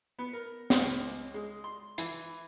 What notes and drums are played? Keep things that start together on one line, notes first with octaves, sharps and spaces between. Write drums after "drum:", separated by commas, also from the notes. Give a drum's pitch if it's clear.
B3
A#4
C#2, drum: snare
G#3
C6
E3, drum: hi-hat